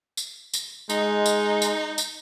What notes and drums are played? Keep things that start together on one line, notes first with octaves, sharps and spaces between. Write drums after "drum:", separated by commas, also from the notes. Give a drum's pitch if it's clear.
drum: tambourine
drum: tambourine
G#3 D#4, drum: tambourine
drum: tambourine
drum: tambourine
drum: tambourine